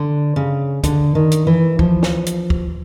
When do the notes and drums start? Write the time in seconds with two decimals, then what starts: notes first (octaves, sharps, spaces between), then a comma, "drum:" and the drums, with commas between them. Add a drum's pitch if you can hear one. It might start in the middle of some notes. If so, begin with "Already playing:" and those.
Already playing: D3
0.36 C#3
0.83 D3, drum: kick, hi-hat
1.15 D#3
1.32 drum: hi-hat
1.47 E3
1.79 F3, drum: kick
2.03 drum: snare
2.27 drum: hi-hat
2.50 drum: kick